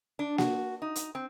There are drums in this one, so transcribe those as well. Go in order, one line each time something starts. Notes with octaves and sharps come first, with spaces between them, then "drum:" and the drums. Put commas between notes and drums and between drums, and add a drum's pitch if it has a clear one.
D4
F#4, drum: snare A#3
D#4
drum: hi-hat
C4